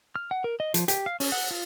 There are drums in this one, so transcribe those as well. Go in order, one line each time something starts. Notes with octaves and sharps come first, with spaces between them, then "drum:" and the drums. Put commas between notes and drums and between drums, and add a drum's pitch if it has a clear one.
F6
F#5
A#4
D#5
F3, drum: hi-hat
G4, drum: hi-hat
F5
C#4, drum: open hi-hat
F#5
F4